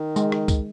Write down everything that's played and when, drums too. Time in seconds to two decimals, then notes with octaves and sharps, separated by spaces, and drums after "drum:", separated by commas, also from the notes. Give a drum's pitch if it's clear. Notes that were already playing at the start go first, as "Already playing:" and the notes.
Already playing: D#3
0.16 G#3, drum: tambourine
0.32 drum: rim click
0.48 drum: kick C#2, tambourine